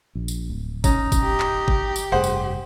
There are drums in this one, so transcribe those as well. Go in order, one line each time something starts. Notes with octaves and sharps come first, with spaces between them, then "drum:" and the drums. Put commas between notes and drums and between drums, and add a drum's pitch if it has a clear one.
A#1
drum: tambourine
D1
C#4 D#4 A#5, drum: kick G1, tambourine
drum: kick G1, tambourine
G4
drum: clap
drum: kick G1
drum: tambourine
F1 G2 G#4 C5 F#5
drum: tambourine